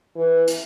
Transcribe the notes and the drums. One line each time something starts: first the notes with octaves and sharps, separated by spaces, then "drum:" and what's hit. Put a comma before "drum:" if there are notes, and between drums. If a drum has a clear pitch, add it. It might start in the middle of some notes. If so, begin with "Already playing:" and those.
E3
drum: hi-hat